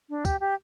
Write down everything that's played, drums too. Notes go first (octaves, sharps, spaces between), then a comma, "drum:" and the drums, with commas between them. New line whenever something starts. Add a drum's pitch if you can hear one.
D4
G4, drum: kick, tambourine
G4